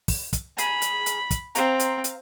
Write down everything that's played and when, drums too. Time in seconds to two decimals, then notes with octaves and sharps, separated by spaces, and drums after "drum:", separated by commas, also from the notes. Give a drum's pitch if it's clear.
0.08 drum: kick, open hi-hat
0.33 drum: kick, hi-hat
0.58 G#4 A#4 B5, drum: hi-hat
0.82 drum: hi-hat
1.06 drum: hi-hat
1.31 drum: kick, hi-hat
1.55 C4 C5 F5 A#5, drum: hi-hat
1.80 drum: hi-hat
2.04 drum: hi-hat